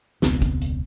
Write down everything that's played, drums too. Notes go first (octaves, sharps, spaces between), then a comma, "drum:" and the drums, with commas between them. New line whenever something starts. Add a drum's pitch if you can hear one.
E1 C#2 B3 C4, drum: snare
drum: kick, hi-hat
drum: hi-hat